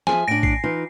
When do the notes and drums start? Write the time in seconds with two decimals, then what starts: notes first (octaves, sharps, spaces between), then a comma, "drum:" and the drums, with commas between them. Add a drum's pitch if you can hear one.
0.07 F3 G#4 E5 G#5, drum: snare
0.28 A2 D4 A#6 D7
0.43 C7, drum: kick A#1
0.64 E3 D#4 F4